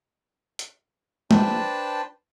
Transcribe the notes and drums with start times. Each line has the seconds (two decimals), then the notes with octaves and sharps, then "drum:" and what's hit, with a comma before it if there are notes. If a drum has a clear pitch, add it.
0.59 drum: hi-hat
1.31 D4 B4 C5 G5 A5, drum: tom G#3